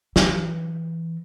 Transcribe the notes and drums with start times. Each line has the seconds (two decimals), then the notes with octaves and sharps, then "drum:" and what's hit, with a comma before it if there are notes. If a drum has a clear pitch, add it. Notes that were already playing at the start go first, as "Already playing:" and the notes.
0.16 E3, drum: snare